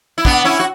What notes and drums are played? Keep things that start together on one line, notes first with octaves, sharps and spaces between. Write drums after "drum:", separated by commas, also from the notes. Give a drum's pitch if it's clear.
E4
B3 D4, drum: kick
C#4 E4
F#4